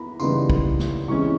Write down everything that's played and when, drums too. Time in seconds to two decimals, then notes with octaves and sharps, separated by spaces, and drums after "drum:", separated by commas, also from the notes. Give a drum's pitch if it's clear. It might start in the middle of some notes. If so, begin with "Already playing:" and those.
Already playing: E3 B3 A#5 B5
0.20 C#3 E3 G3 B3 D#4 C6, drum: tambourine
0.50 drum: kick
0.79 drum: snare
1.08 C3 E3 G#3 C#4 C#6